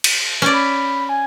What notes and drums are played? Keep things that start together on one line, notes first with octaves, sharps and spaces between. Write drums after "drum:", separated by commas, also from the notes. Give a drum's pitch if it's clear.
drum: cymbal
C#4 D5
B5
G#5